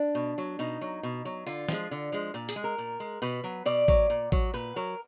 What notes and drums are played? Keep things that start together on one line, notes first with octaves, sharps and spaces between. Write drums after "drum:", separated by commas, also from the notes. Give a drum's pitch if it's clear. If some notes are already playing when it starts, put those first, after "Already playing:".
Already playing: D4
B2
F#3
B2 D#4
F#3
B2
F#3
D3 F4
F3 G#3, drum: snare
D3
F3 G#3
A#2
G#4, drum: hi-hat
G#3
A#4
A#2
G#3
B2 B4
F#3
B2 D5
F#3, drum: kick A1
A#2
F#3, drum: kick A1
A#2 B4
F#3 A#4